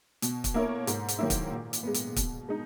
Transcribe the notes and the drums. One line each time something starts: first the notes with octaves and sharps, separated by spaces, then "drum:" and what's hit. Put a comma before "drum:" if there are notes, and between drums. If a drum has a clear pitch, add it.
B2, drum: hi-hat
drum: kick, hi-hat
A#3 E4 A#4 C#5
G#2, drum: hi-hat
drum: hi-hat
D#3 F#3 A#3 E4
drum: kick, hi-hat
A#2
drum: hi-hat
G#3 B3
drum: hi-hat
B2, drum: kick, hi-hat
G#3 D#4